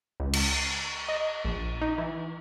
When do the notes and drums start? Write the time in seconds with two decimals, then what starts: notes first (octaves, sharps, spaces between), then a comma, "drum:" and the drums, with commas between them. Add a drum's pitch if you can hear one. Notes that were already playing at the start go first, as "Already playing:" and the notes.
0.20 C#2
0.33 drum: cymbal
0.54 C7
1.09 D#5
1.45 A#1
1.81 D#4
1.98 E3